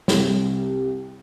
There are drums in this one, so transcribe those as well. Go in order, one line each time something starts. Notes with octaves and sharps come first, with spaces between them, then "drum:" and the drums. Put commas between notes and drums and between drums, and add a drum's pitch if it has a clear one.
C2 C3, drum: snare